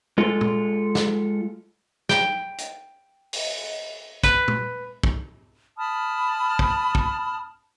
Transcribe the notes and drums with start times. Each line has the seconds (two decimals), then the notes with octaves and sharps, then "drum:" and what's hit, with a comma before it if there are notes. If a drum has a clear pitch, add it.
0.18 G#3 F4 A4
0.41 drum: tom
0.95 drum: snare
2.09 G5, drum: snare
2.58 drum: hi-hat
3.33 drum: open hi-hat
4.24 B4, drum: kick
4.48 drum: tom
5.03 drum: kick
5.78 A5 B5 D#6 F6
6.59 drum: kick
6.95 drum: kick